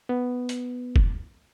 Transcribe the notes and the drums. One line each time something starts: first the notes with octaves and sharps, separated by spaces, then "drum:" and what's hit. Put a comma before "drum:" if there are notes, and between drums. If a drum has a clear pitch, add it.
B3
drum: hi-hat
drum: kick